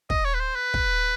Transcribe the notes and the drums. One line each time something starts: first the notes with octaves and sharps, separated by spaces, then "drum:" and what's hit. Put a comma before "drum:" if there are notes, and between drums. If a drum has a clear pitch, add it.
D#5, drum: kick
C#5
B4
C5
B4
drum: kick